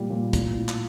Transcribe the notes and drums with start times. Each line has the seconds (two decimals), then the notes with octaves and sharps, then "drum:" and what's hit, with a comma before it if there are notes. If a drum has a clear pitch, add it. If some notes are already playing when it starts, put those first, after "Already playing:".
Already playing: A#2 G3
0.10 A#2
0.33 A2, drum: kick, hi-hat
0.57 A2
0.69 drum: clap